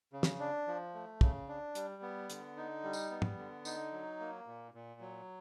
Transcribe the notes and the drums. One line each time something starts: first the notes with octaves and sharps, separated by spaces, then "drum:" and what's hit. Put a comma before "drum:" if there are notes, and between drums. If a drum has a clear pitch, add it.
C#3
drum: snare
D4
F3
A3
C#3, drum: kick
D4
G3, drum: hi-hat
B3
D3, drum: hi-hat
D#4
G3
drum: tambourine
B3
drum: tom
D3
D#4, drum: tambourine
F#3
A#3
A#2
A#2
F#3